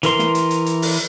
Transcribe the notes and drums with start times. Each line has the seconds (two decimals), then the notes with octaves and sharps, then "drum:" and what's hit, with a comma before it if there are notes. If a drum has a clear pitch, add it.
0.03 E3 A#4 C6, drum: hi-hat
0.19 drum: snare
0.35 drum: hi-hat
0.51 drum: hi-hat
0.66 drum: hi-hat
0.82 drum: open hi-hat